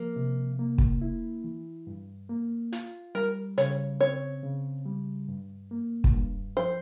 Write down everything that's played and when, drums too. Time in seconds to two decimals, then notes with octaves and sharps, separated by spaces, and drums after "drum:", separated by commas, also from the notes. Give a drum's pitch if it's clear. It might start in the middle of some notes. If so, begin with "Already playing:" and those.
Already playing: F3 A#3
0.16 C3
0.59 A#3
0.78 drum: kick
1.02 E4
1.44 E3
1.87 G2
2.30 A#3
2.73 F4, drum: hi-hat
3.15 G3 A#4
3.58 C#3 C#5, drum: hi-hat
4.00 C4 C#5
4.43 C#3
4.86 G3
5.28 G2
5.71 A#3
6.04 drum: kick
6.14 G2
6.56 F3 C5